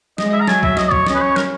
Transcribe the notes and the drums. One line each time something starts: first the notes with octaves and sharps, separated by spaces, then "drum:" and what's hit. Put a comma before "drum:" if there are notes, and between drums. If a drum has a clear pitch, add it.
G#3 D#5, drum: snare
D#5
E5
A#5
F#3 G#5, drum: snare
E5, drum: kick C2
D#5, drum: snare
C#5, drum: kick C2
C#4 D#5, drum: snare
B4
C#5
A#4, drum: snare